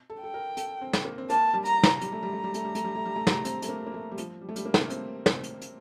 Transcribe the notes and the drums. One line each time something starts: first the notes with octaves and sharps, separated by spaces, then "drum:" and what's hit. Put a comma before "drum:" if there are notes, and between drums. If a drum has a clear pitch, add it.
A4
A4 G5
A#4
A4, drum: hi-hat
C4
drum: snare
A#3
C4
A#3 A5, drum: hi-hat
G3
A#5, drum: hi-hat
drum: snare
G3 A#5, drum: hi-hat
A3
G3
A3
G3
A3, drum: hi-hat
G3
A3, drum: hi-hat
G3
A3
G3
A3
G3, drum: snare
C4, drum: hi-hat
A3, drum: hi-hat
A#3
A#3
A3
G3
F3, drum: hi-hat
G3
A3
G3, drum: hi-hat
A#3
A3, drum: snare
A#3
C4, drum: hi-hat
C4, drum: snare
drum: hi-hat
drum: hi-hat